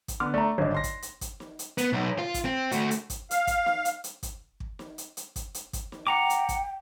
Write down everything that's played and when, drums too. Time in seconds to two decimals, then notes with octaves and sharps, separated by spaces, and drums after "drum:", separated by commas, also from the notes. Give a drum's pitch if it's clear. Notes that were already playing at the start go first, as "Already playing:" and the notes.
0.08 drum: kick, hi-hat
0.20 D3 B3 C6 D6 F6
0.34 A3 D4 D5 A#5
0.58 G#1 G2 D3 C#5 D#5
0.75 C6 A#6
0.84 drum: kick, hi-hat
1.02 drum: hi-hat
1.21 drum: kick, hi-hat
1.40 drum: snare
1.59 drum: hi-hat
1.78 B3, drum: hi-hat
1.93 B1
2.19 F4
2.34 drum: kick, hi-hat
2.45 C4
2.72 A3 F#4, drum: hi-hat
2.91 drum: hi-hat
3.10 drum: kick, hi-hat
3.31 F5, drum: hi-hat
3.47 drum: kick, hi-hat
3.66 drum: snare
3.85 drum: hi-hat
4.04 drum: hi-hat
4.23 drum: kick, hi-hat
4.60 drum: kick
4.79 drum: snare
4.98 drum: hi-hat
5.17 drum: hi-hat
5.36 drum: kick, hi-hat
5.54 drum: hi-hat
5.73 drum: kick, hi-hat
5.92 drum: snare
6.07 F#5 G5 A#5 D6
6.30 drum: hi-hat
6.49 drum: kick, hi-hat